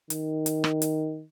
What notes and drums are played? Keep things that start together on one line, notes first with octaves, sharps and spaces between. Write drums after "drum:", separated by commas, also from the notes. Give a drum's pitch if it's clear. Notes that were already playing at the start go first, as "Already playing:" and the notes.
D#3, drum: hi-hat
drum: hi-hat
drum: rim click
drum: hi-hat